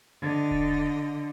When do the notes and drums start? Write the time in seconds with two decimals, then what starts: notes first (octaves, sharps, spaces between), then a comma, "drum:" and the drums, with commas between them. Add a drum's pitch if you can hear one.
0.22 D3 D#5
0.51 drum: kick E1